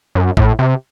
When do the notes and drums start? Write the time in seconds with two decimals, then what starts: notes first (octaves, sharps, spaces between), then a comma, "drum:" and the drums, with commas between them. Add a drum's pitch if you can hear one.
0.15 F#2
0.37 A2, drum: kick A1
0.59 C3